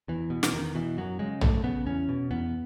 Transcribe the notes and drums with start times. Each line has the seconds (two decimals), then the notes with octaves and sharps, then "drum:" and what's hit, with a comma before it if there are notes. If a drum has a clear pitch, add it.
0.08 E2 E3
0.30 B2
0.43 E3, drum: snare
0.53 E2 D#3
0.75 B2 E3
0.98 F#2 F#3
1.19 C#3 G#3
1.41 F#2 A3, drum: tom A#1
1.64 C#3 B3
1.86 E2 C#4
2.09 B2
2.31 E2 B3